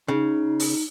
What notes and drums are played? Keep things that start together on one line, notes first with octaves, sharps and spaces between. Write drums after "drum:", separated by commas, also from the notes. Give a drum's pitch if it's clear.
C#3 D#4
drum: open hi-hat